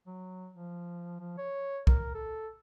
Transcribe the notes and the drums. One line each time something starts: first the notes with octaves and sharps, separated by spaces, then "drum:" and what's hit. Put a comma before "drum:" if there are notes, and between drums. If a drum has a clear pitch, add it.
F#3
F3
F3
C#5
A#4, drum: kick
A4